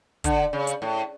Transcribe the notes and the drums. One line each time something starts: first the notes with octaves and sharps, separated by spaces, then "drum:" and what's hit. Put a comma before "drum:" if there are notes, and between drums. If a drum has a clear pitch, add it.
D3, drum: kick, hi-hat
C#3
drum: hi-hat
A2